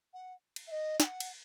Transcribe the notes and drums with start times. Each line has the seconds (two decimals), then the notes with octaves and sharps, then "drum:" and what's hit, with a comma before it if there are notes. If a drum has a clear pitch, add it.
0.13 F#5
0.56 drum: cymbal
0.67 E5
0.71 D#5
1.00 G#5, drum: snare
1.04 F#5
1.20 drum: cymbal